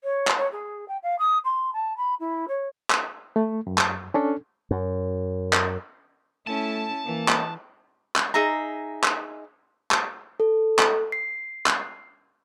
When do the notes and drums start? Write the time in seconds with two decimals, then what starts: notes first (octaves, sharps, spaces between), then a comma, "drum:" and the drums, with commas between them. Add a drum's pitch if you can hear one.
0.04 C#5
0.27 drum: clap
0.37 C#5
0.52 G#4
0.88 G5
1.03 F5
1.19 D#6
1.44 C6
1.73 A5
1.97 B5
2.20 E4
2.48 C#5
2.90 drum: clap
3.36 A3
3.67 F#2
3.78 drum: clap
4.14 C#4 D4 A4
4.71 F#2
5.53 drum: clap
6.47 A3 C#4 E4 A5
7.06 E3 A#3
7.28 drum: clap
8.16 drum: clap
8.34 D#4 G#4 E5 A#5
9.03 drum: clap
9.91 drum: clap
10.40 A4
10.79 drum: clap
11.12 C7
11.66 drum: clap